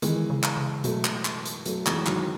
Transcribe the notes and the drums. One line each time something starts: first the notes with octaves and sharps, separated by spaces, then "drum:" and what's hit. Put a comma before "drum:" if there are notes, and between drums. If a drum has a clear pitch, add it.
D#3 E3 G#3, drum: hi-hat
C#3
drum: clap
C#3
B2 F#3 A3, drum: hi-hat
drum: clap
drum: clap
drum: hi-hat
F#3 A3, drum: hi-hat
E3 G#3, drum: clap
D#3 F#3, drum: clap